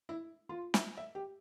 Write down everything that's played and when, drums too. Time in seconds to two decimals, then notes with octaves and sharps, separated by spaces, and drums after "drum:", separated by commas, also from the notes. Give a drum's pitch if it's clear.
0.09 E4
0.49 F4
0.74 E5, drum: snare
0.97 E5
1.15 G4